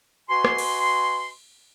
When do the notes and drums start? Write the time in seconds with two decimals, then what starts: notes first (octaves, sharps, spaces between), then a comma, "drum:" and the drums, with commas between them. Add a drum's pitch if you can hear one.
0.29 F#4 B4 D#5 G#5 C6
0.45 drum: rim click
0.58 drum: cymbal